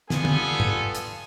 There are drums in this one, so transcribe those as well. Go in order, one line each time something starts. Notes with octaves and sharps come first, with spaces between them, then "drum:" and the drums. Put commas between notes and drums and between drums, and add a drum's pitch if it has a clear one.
G3 B3 F4 G#4 A4 G#5, drum: snare
drum: tom
drum: tom G#2
drum: hi-hat